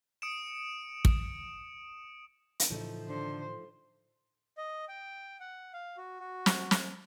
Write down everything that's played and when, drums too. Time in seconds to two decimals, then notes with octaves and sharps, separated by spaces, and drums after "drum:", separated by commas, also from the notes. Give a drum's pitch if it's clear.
0.22 D#6 C#7 D7 E7
1.05 drum: kick
2.60 drum: hi-hat
2.70 A2 C#3 E3 F3 A3 D#4
3.08 D3 C5
4.57 D#5
4.88 G5
5.40 F#5
5.73 F5
5.97 F#4
6.20 F#4
6.46 drum: snare
6.71 drum: snare